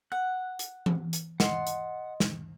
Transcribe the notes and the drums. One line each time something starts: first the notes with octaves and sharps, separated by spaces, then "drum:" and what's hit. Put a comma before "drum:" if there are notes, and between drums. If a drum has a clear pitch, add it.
F#5 F#6
drum: hi-hat
drum: tom E3
drum: hi-hat
D#5 F#5 C6, drum: snare
drum: hi-hat
drum: snare